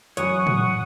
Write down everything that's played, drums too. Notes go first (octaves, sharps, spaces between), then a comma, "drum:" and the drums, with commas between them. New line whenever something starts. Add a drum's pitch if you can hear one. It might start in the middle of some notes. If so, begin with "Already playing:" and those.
F#2 E3 C#5 F#5 C#6 D#6, drum: hi-hat
drum: tom A2